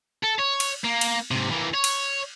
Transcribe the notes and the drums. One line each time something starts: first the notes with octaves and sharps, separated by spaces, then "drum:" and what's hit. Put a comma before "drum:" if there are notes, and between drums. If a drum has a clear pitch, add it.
A4
C#5
drum: cymbal
A#3
drum: cymbal
G#2 C3
E3 A#3
C#5
drum: cymbal